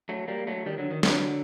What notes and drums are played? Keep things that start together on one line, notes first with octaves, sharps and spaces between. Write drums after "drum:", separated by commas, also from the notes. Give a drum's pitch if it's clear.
F#3 A3
G3 A#3
F#3 A3
D#3 G3
D3 F#3
D#3
D3 F#3, drum: snare